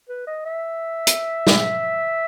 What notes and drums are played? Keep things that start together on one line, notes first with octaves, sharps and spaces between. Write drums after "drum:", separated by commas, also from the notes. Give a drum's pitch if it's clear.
B4
D#5
E5
drum: hi-hat
drum: snare